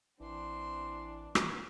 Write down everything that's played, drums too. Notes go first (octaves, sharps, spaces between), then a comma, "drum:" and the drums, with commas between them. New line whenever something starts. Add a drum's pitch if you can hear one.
A1 E3 C4 D4 C6
drum: rim click